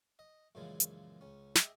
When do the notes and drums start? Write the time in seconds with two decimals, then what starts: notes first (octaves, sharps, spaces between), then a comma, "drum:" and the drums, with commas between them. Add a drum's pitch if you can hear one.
0.19 D#5
0.55 F#2 A#2 C#3 E3 F3 G#3
0.80 drum: hi-hat
1.21 C#2 C#4
1.55 G4 G#4 D#5 E5, drum: snare